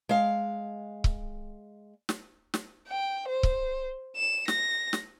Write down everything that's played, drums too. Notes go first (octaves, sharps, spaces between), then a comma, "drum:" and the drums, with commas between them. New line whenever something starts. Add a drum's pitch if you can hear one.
G#3 F5
drum: kick C#1
drum: snare
drum: snare
G5
C5
drum: kick C#1
E7
A#6, drum: snare
drum: snare